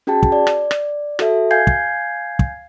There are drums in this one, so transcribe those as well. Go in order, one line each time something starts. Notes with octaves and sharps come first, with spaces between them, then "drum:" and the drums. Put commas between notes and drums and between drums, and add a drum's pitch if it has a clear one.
C#4 F#4 G#4 G5 A5
drum: kick
D5
drum: rim click
drum: rim click
F#4 A4 E5, drum: rim click
F5 G#5 G6 G#6 C7
drum: kick
drum: kick